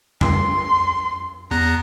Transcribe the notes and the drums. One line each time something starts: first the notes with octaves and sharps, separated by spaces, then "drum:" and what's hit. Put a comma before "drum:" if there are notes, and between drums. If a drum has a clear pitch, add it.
C6, drum: tom F2
E2 B3 A#5 F#6